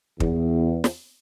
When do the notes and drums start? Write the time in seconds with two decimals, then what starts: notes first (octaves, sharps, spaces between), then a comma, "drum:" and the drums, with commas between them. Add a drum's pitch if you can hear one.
0.20 E2, drum: kick
0.84 drum: snare